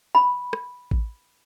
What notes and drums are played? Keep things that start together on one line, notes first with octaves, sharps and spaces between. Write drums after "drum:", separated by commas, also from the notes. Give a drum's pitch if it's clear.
B5
drum: rim click
drum: kick A1